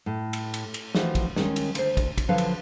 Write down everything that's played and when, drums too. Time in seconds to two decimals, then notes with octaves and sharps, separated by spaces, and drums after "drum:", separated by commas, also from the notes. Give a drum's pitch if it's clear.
0.06 A2
0.33 drum: cymbal
0.54 drum: cymbal
0.74 drum: cymbal
0.95 E3 F3 A3 F#4 G4, drum: snare
1.15 drum: kick, cymbal
1.36 D3 D#3 G3 G#3 C#4, drum: snare
1.56 drum: cymbal
1.75 D2 C5, drum: cymbal
1.97 drum: kick, cymbal
2.18 drum: kick, cymbal
2.29 D3 F3 F#3 A4 B4 F5
2.38 drum: cymbal